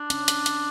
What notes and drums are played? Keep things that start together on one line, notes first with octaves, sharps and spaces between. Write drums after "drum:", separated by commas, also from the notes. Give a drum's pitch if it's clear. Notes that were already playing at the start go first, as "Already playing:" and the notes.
Already playing: D4
C#4, drum: hi-hat
drum: hi-hat
drum: hi-hat